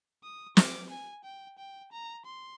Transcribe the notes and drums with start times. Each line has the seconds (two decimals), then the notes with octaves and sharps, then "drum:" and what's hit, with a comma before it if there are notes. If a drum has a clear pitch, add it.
0.24 D#6
0.57 D6, drum: snare
0.90 G#5
1.24 G5
1.59 G5
1.92 A#5
2.26 C6